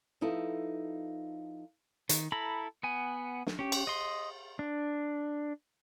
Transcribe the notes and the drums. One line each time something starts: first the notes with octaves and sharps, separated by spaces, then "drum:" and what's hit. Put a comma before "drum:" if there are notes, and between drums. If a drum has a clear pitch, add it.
F3 D#4 E4 A4 B4
D#3, drum: hi-hat
E4 A4 A#5 B5
B3 F#5 G#5
drum: snare
C#4 G4
drum: cymbal
D#5 C6
D4